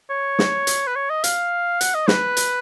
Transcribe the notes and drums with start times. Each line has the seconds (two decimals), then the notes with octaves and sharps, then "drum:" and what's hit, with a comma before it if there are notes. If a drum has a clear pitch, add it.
0.10 C#5
0.39 drum: snare
0.67 drum: hi-hat
0.87 B4
0.95 C#5
1.10 D#5
1.24 F5, drum: hi-hat
1.81 F#5, drum: hi-hat
1.94 D#5
2.08 B4, drum: snare
2.37 drum: hi-hat